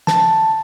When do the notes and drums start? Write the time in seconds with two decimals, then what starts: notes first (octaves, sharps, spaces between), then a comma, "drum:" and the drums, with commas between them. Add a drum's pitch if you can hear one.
0.07 A5, drum: snare